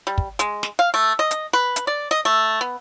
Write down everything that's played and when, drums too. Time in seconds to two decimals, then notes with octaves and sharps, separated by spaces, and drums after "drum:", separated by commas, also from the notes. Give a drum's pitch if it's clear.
0.07 G3
0.18 drum: kick
0.39 G#3, drum: hi-hat
0.63 drum: snare
0.79 F5
0.94 A3
1.19 D#5
1.31 drum: hi-hat
1.53 B4
1.76 drum: hi-hat
1.87 D5
2.11 D#5
2.25 A3
2.61 B3